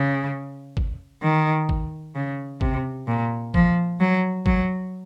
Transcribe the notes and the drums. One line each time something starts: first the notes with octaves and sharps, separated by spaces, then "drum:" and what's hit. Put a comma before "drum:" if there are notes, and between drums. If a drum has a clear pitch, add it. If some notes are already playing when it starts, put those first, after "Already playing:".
Already playing: C#3
drum: kick
D#3
drum: kick
C#3
C3, drum: kick
A#2
F3, drum: kick
F#3
F#3, drum: kick